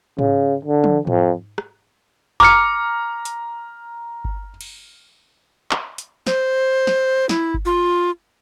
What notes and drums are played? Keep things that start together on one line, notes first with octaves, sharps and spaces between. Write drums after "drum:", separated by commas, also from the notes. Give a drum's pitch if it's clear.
C#3, drum: tom G#2
D3
drum: tom
F2, drum: tom G#2
drum: rim click
A#5 D6 F6 C#7, drum: kick G1
drum: hi-hat
drum: kick G1
drum: cymbal
drum: clap
drum: hi-hat
C5, drum: snare
drum: snare
E4, drum: snare
drum: kick G1
F4